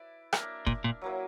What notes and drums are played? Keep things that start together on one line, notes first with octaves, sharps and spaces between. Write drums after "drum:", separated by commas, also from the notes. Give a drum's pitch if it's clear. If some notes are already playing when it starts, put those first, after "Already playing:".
Already playing: E4 B4 D5
A#3 D4 A#4 E5, drum: rim click
A#2, drum: kick
A#2
F#3 A#3 E4 B4